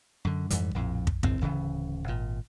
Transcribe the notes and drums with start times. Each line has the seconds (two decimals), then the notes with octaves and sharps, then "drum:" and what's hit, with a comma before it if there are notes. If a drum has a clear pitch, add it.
0.25 F#2 D3
0.50 F2 G#2 E3 G3, drum: hi-hat
0.75 A#1 F2 A2
1.07 drum: kick
1.23 G1 A2 C4, drum: kick
1.41 D1 C#3 E3
2.08 G#1 A#2